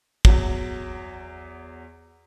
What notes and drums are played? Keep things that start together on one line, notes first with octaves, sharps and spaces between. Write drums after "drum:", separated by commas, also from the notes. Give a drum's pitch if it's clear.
E2 F#3, drum: kick